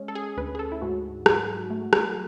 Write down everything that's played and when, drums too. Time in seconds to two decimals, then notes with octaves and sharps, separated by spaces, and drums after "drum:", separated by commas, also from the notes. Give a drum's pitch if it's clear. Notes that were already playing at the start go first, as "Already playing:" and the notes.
Already playing: G#3 C#4
0.08 A4
0.15 G#4
0.37 D2 B4
0.55 G#4
0.59 A4
0.72 E4
0.81 G#2 F#4
1.26 F#3, drum: rim click
1.70 A3
1.93 drum: rim click